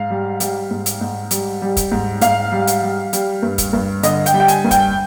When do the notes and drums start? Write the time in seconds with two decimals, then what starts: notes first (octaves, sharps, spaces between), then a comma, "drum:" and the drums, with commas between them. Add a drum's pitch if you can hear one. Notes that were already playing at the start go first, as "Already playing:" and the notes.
Already playing: G#2 F5
0.10 G3
0.40 G3, drum: hi-hat
0.71 G#2
0.86 drum: hi-hat
1.01 G#2
1.31 G3, drum: hi-hat
1.62 G3
1.77 drum: kick, hi-hat
1.92 G#2
2.21 G#2 F5, drum: hi-hat
2.52 G3
2.67 drum: hi-hat
2.83 G3
3.13 G3, drum: hi-hat
3.43 G2
3.58 drum: kick, hi-hat
3.73 G2
4.03 D3 D#5, drum: hi-hat
4.26 G5, drum: hi-hat
4.34 G3
4.40 G5
4.48 G#5, drum: hi-hat
4.64 G2
4.71 G5, drum: kick, hi-hat